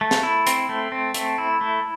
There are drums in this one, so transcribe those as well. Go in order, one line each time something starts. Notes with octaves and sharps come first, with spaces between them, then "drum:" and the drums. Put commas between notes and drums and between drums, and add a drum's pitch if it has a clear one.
A3
drum: snare
E4
C4, drum: hi-hat
A3
C4
A3, drum: hi-hat
E4
A3